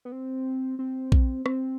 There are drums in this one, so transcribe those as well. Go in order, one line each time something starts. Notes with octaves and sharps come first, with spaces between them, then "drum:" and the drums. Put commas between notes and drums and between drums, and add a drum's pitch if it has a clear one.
B3
C4
C4
drum: kick A#1
C4, drum: rim click